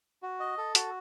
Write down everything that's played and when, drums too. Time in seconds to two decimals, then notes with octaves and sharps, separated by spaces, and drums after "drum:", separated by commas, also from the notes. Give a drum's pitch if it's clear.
0.22 F#4
0.40 D#5
0.58 A4
0.75 F#4, drum: hi-hat